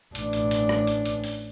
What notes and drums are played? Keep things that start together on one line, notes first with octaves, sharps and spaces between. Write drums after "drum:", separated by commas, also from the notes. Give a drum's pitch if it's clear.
A1 D4, drum: hi-hat
drum: hi-hat
drum: hi-hat
drum: rim click
drum: hi-hat
drum: hi-hat
drum: open hi-hat